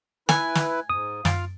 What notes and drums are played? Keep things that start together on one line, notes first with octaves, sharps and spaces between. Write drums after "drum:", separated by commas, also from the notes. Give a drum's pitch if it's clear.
E4 B4 G#5, drum: snare
drum: snare
G#2 D#6
F#2 F4 F5 A6 D7, drum: snare